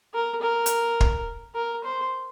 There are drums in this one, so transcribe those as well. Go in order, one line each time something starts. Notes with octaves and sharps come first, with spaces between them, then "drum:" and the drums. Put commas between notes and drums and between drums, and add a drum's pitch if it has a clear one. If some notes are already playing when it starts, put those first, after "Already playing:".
A#4
A#4
drum: hi-hat
drum: kick
A#4
C5